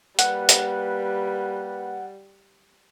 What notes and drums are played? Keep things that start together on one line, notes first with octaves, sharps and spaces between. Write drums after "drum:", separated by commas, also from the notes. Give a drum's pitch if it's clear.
G3 A#3 G4 B4 F#5, drum: hi-hat
drum: hi-hat